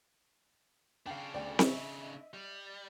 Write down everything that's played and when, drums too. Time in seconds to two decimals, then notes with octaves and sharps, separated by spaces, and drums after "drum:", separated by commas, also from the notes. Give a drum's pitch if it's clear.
1.06 C#3 D4 F5 G5
1.34 D2 D5 G5
1.59 D#5 E5, drum: snare C4
2.34 G3